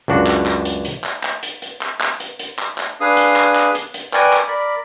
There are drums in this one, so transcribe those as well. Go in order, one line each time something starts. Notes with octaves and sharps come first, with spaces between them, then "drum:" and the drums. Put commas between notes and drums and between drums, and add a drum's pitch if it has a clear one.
C#2 F#2 D4 F#4
drum: clap
drum: clap
drum: hi-hat
drum: hi-hat
drum: clap
drum: clap
drum: hi-hat
drum: hi-hat
drum: clap
drum: clap
drum: hi-hat
drum: hi-hat
drum: clap
drum: clap
D4 G#4 B4 F5 D#6
drum: hi-hat
drum: clap
drum: clap
drum: hi-hat
drum: hi-hat
A#4 B4 D5 G5 G#5 C#6, drum: clap
drum: clap
A#4 D5 B5